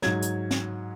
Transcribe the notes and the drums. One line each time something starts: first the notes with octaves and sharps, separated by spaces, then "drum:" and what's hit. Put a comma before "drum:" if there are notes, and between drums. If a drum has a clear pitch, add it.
G#2 F#3 G#6, drum: snare
drum: hi-hat
drum: snare